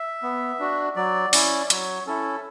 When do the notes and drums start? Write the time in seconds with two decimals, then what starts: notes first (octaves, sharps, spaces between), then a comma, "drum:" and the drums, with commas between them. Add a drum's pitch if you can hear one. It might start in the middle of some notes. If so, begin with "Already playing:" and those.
Already playing: E5
0.23 B3
0.59 D4 F#4
0.96 F#3 D5
1.33 C#4 E4 D5, drum: open hi-hat
1.70 F#3 C#5, drum: hi-hat
2.07 C#4 E4 A4